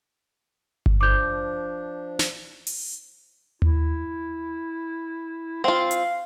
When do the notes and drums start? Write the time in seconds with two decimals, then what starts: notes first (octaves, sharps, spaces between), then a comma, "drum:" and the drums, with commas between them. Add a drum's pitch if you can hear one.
0.86 drum: kick G1
1.01 F3 D4 D6 G6
2.19 drum: snare
2.67 drum: open hi-hat
3.62 E4, drum: tom D#2
5.64 C4 F4 F5
5.91 drum: hi-hat